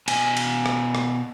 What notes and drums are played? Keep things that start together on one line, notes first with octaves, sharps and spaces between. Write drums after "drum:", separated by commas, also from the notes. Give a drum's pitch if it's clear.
B2 G#5, drum: cymbal
drum: cymbal
drum: rim click
drum: rim click